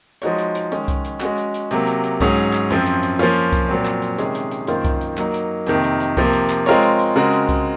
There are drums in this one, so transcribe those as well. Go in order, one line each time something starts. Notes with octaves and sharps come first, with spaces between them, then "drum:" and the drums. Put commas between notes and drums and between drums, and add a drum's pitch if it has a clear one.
F3 G#3 D#4 F#4 C#5, drum: hi-hat
drum: hi-hat
drum: hi-hat
D#3 G#3 C#4, drum: hi-hat
drum: kick C2, hi-hat
drum: hi-hat
G#3 C#4 F#4, drum: clap
drum: hi-hat
drum: hi-hat
C3 F#3 A#3, drum: hi-hat
drum: hi-hat
drum: hi-hat
G#2 F#3 C#4 G#4, drum: kick C2, hi-hat
drum: hi-hat
drum: clap
F#2 F3 C4, drum: hi-hat
drum: hi-hat
drum: hi-hat
F3 A#3 C#4 F4, drum: hi-hat
drum: kick C2, hi-hat
A#2 F#3 C4
drum: clap
drum: hi-hat
C3 D#3 G#3 C#4 G#4, drum: hi-hat
drum: hi-hat
drum: hi-hat
F#2 D#3 A#3 F4 C5, drum: hi-hat
drum: kick C2, hi-hat
drum: hi-hat
F#3 A#3 D#4, drum: clap
drum: hi-hat
F2 C3 D#3 A#3, drum: hi-hat
drum: hi-hat
drum: hi-hat
C3 F3 A#3, drum: kick C2, hi-hat
drum: hi-hat
drum: clap
G#3 C4 F4 A#4 C#5, drum: hi-hat
drum: hi-hat
drum: hi-hat
C#3 G#3 C4 F#4 A#4, drum: hi-hat
drum: hi-hat
drum: kick C2, hi-hat